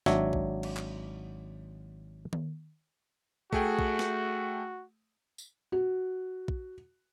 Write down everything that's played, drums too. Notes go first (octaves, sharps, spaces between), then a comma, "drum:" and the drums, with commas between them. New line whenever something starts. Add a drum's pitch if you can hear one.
G#1 F#3 D4 C#5 E5, drum: snare
drum: kick
drum: cymbal
drum: clap
drum: tom D#3
A3 F#4 G#4 G5, drum: kick
drum: kick
drum: snare
drum: tambourine
F#4
drum: kick